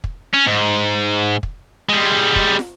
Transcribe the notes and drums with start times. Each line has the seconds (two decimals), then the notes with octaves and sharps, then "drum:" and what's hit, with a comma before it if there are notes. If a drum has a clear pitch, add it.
0.04 drum: kick
0.34 C#4
0.47 G#2
1.43 drum: kick
1.89 G3 G#3
2.36 drum: kick
2.59 drum: snare